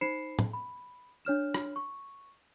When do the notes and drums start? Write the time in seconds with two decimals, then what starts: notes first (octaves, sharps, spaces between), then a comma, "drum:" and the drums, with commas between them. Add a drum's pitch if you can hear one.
0.01 D#4 C5 B5 C7 C#7 E7
0.39 drum: tom
0.53 B5
1.25 D4 C#5 F6 E7
1.54 drum: rim click
1.76 C#6